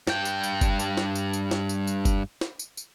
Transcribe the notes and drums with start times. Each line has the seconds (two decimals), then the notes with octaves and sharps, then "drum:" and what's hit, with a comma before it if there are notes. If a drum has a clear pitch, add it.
0.07 G2 G5, drum: snare
0.25 drum: tambourine
0.43 drum: tambourine
0.61 drum: kick F#1, tambourine
0.79 drum: tambourine
0.97 drum: snare
1.15 drum: tambourine
1.33 drum: tambourine
1.51 drum: snare
1.69 drum: tambourine
1.87 drum: tambourine
2.05 drum: kick F#1, tambourine
2.41 drum: snare
2.59 drum: tambourine
2.77 drum: tambourine